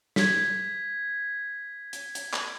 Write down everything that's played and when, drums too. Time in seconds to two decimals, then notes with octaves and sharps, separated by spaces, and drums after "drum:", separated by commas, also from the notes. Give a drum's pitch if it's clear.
0.16 G#6 B6, drum: snare
1.93 drum: hi-hat
2.15 drum: hi-hat
2.33 drum: clap